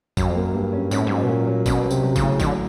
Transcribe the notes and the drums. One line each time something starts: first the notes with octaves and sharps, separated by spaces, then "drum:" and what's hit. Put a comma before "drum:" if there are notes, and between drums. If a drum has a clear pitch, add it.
F#2 F#3, drum: kick G1, tambourine
F2
F#2 A#3
G2 A#3
C#4
G#2 C#4, drum: tambourine
A2
G#2 F#3
B2
A#2 F#3
F#3
B2 C#4, drum: kick G1, tambourine
F#3
C3, drum: tambourine
F#3
C#3, drum: kick G1, tambourine
A2
D#3 F#3, drum: kick G1, tambourine
D3